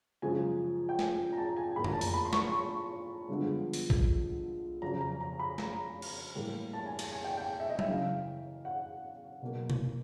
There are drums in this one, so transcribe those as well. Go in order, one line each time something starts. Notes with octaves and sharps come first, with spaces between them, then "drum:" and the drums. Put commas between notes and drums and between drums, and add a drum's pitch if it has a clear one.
F#2 C#3 F3 G#3 G#5
G5
G#5, drum: snare
A#5
A5
G#5
A2 F3 A#3 B5
A#5, drum: tom F2
A5
A#5, drum: open hi-hat
B5
C6
C#6, drum: snare
C#6
G2 D3 F3 G#3 B3
drum: open hi-hat
drum: kick A#1
F2 C#3 F#3 A#5
A#5
A#5
B5
A#5, drum: snare
drum: cymbal
A2 E3 G3 A#3
A5
G#5
G#5, drum: cymbal
G#5
G5
G5
E5
D#5
E5, drum: tom F#3
F#2 C#3 E3 F5
F#5
B2 F#3 A#3
drum: tom C3